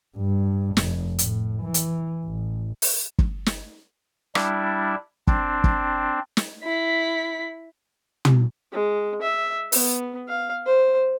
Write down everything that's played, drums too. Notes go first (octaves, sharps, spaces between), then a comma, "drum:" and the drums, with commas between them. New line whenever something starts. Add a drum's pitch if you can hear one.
G2
F1, drum: snare
A2, drum: hi-hat
E3
drum: hi-hat
A1
drum: open hi-hat
drum: kick
drum: snare
G3 D4 E4, drum: rim click
C4 D4, drum: kick
drum: kick
drum: snare
E4 B6
drum: tom
G#3
E5
B3, drum: open hi-hat
F5
C5